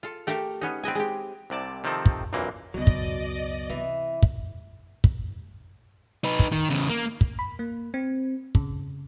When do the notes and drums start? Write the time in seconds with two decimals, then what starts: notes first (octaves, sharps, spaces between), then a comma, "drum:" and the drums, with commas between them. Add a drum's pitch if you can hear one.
0.03 F4 A4
0.27 A3 G4 A4 A#4 F5
0.61 B3 C#4 D#4
0.83 C4 B4 D#5 G#5
0.95 G#3 G4
1.50 C2 C3 D5 A5
1.84 C3 D#3 F3 C4 A4
2.06 drum: kick
2.33 B1 F#2 A#2 E3 A#3
2.74 C#2 F#2 B2 F#3 D5 D#5
2.87 drum: kick
3.70 C3 E3
4.23 drum: kick
5.04 drum: kick
6.24 D#4 B4
6.39 drum: kick
6.52 D#3
6.70 E2 C#3
6.90 A#3
7.21 drum: kick
7.39 B5
7.59 A#3
7.94 C4
8.55 C#3, drum: kick